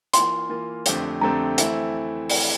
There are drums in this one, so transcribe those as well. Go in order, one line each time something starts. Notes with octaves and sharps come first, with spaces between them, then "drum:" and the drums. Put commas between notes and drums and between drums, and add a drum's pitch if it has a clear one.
E3 A#3 F4 C6, drum: hi-hat
E3 A#3 F4
F2 D3 A3 C4 G4, drum: hi-hat
F2 D3 A3 C4 G4 A#5
E3 A3 C4 E4, drum: hi-hat
drum: open hi-hat